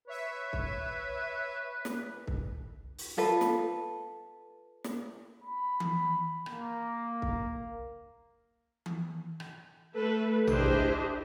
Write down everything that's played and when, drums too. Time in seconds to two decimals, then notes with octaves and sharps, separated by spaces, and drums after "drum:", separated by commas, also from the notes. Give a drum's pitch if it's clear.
0.07 B4 C#5 E5
0.53 drum: kick C2
1.85 drum: snare
2.27 drum: kick C2
2.98 drum: open hi-hat
3.17 F4 A4 B4
3.41 drum: snare
4.84 drum: snare
5.43 B5
5.80 drum: tom E3
6.46 A#3, drum: rim click
7.22 drum: kick C2
8.86 drum: tom E3
9.40 drum: rim click
9.94 A3 A4 B4
10.47 D4 E4 G4 G#4 C5 D#5, drum: tom A#1
10.66 drum: kick C2